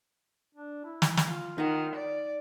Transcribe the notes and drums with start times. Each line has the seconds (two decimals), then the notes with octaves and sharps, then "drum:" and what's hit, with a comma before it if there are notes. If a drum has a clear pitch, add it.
0.55 D4
0.85 E4
1.02 drum: snare
1.17 drum: snare
1.27 F4 F5
1.58 D#3 D#4 F#5
1.95 D5